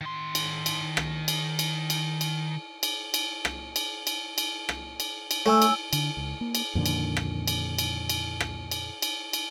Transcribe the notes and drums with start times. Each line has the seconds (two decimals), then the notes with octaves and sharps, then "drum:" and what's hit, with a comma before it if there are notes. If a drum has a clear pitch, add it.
0.01 D#3 C6
0.35 drum: cymbal
0.66 drum: cymbal
0.97 drum: rim click
1.28 drum: cymbal
1.59 drum: cymbal
1.90 drum: cymbal
2.21 drum: cymbal
2.83 drum: cymbal
3.14 drum: cymbal
3.45 drum: rim click
3.76 drum: cymbal
4.07 drum: cymbal
4.38 drum: cymbal
4.69 drum: rim click
5.00 drum: cymbal
5.31 drum: cymbal
5.46 A3 C#5 G#5 E6
5.62 drum: cymbal
5.93 D3, drum: cymbal
6.17 C#2
6.41 A#3
6.55 drum: cymbal
6.75 F2 A#2 D3 D#3
6.86 drum: cymbal
7.17 drum: rim click
7.48 drum: cymbal
7.78 drum: cymbal
8.09 drum: cymbal
8.40 drum: rim click
8.71 drum: cymbal
9.02 drum: cymbal
9.33 drum: cymbal